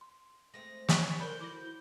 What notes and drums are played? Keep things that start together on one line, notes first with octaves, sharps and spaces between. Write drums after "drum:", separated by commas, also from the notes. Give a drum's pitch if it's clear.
C6
G#3 A3 C4 A#6
drum: snare
G#3 C#4 D4 C#5
F#4 A4 A#4 C5 D5 B5 G6
E4 D6 A#6